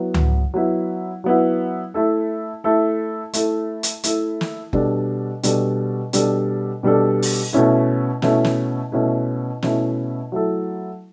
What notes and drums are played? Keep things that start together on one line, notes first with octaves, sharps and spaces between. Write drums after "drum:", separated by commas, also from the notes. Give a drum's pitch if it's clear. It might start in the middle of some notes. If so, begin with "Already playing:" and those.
Already playing: F#3 B3 E4
drum: tom C#2
F#3 B3 E4
F#3 B3 E4
A3 E4 A4
A3 E4 A4
A3 E4 A4, drum: hi-hat
drum: hi-hat
A3 E4 A4, drum: hi-hat
drum: snare
B2 G3 D4 A4, drum: kick F#1
B2 G3 D4 A4, drum: hi-hat
B2 G3 D4 A4, drum: hi-hat
B2 G3 D4 A4
drum: open hi-hat
B2 A3 C#4 E4
B2 A3 C#4 E4, drum: snare
drum: snare
B2 A3 C#4 E4
B2 A3 C#4 E4, drum: snare
F#3 A3 E4 A4